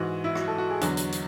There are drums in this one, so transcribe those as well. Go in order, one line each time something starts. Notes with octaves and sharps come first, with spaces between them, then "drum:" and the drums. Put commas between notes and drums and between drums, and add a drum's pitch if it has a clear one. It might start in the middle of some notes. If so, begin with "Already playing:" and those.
Already playing: G#2 E3 F#4
E4
F#4, drum: rim click
A4
F#4
G#4
E2 D3 F#3 F#4, drum: hi-hat
drum: hi-hat
drum: hi-hat